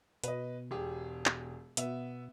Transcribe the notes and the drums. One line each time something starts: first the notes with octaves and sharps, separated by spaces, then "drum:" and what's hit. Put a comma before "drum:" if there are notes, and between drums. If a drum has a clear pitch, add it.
B2 B4 D#5, drum: hi-hat
E1 G4 G#4
drum: clap
B2 B3 E5, drum: hi-hat